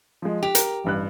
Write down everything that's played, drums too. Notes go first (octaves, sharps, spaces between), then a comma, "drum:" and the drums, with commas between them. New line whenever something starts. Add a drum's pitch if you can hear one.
F3 G#3
G4 F7
A#4, drum: hi-hat
A1 G2 F#6